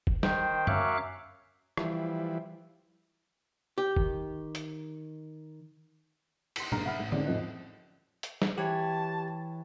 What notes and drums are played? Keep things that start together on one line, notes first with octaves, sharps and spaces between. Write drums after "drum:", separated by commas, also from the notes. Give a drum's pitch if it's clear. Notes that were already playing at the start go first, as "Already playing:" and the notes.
drum: kick
D#3 C5 G5, drum: snare
F#2 C#5 E5 F5 D6 F#6, drum: tom F#2
E3 F3 G3 E4, drum: rim click
G4
D#3, drum: kick
drum: hi-hat
C6 B6, drum: cymbal
F#1 G2 A#5 F6, drum: tom A#2
E5 F#5 B5 F6
A1
D#3 G#3 C4 C#4 D5, drum: tom D3
A1 F2 F3 C4 D#5 F#6
drum: hi-hat
drum: snare
E3 G4 C#5 G5 A5